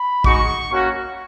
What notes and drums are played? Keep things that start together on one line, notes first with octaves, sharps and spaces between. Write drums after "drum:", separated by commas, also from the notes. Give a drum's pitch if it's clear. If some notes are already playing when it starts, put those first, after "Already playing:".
Already playing: B5
G#3 D#4 F#4 C#6, drum: kick
A#3 C#4 F#4